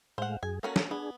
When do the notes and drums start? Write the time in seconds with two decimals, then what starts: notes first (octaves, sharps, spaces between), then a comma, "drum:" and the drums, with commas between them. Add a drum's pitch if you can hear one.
0.18 A2 G#3 C5 F5 F#5
0.43 F#2 G#4 G#5
0.63 A#3 C#4 F#4 A4 A#4 C#5
0.76 drum: snare
0.91 B3 D4 G#4